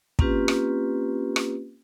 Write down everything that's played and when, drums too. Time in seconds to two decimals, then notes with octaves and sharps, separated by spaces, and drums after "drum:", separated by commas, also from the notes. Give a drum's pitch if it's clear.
0.19 A#3 C4 C#4 F4 G4 B4, drum: kick
0.48 drum: rim click
1.36 drum: rim click